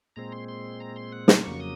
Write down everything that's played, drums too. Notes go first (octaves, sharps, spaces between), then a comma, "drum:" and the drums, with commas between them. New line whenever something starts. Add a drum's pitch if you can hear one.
A#2 G#3 C4 A#5
C6
C6
A#5
C6
F#5
F5, drum: snare
F2 C#3 F#3 A#3 C#6
D#6